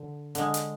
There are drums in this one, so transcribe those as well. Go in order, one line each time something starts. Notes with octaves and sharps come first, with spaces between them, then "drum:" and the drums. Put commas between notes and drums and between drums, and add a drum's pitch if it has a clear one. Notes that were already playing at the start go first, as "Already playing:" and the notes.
Already playing: D3
D3 G#3, drum: hi-hat
drum: hi-hat